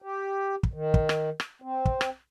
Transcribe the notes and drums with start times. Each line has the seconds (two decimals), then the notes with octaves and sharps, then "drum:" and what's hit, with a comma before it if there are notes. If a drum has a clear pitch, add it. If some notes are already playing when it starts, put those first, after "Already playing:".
0.02 G4
0.63 drum: kick
0.73 D#3
0.94 drum: kick
1.09 drum: rim click
1.40 drum: rim click
1.62 C4
1.85 drum: kick
2.01 drum: rim click